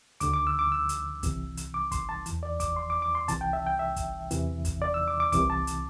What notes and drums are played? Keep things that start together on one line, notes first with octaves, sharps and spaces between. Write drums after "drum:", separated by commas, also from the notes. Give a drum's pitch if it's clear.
D2 D3 D6, drum: hi-hat
D6
E6
D6
E6
drum: hi-hat
C2 C3 E3, drum: kick, hi-hat
drum: hi-hat
D6
C6, drum: kick, hi-hat
A5
E2 E3, drum: hi-hat
D5
D6, drum: kick, hi-hat
C6
D6
D6
C6
C2 C3 E3 A5, drum: kick, hi-hat
G5
E5
G5
E5
drum: kick, hi-hat
E2 C3 E3, drum: hi-hat
drum: kick, hi-hat
D5
E6
D6
D6
C2 C3 E3 D6, drum: kick, hi-hat
A5
drum: hi-hat